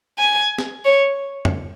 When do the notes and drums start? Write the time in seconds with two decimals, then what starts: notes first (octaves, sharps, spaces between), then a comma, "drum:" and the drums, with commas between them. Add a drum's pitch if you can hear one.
0.19 G#5
0.58 drum: snare
0.85 C#5
1.45 drum: tom